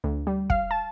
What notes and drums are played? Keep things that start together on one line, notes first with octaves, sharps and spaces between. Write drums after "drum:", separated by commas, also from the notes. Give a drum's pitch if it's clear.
D2
G3
F5, drum: kick
A5